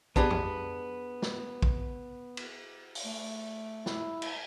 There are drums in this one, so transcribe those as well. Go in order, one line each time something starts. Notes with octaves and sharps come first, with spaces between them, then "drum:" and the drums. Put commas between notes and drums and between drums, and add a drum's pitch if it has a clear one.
B3 D4 G4 G#4 B4, drum: kick
drum: tom F2
drum: snare
drum: kick
drum: cymbal
drum: open hi-hat
A3
E4, drum: snare
drum: cymbal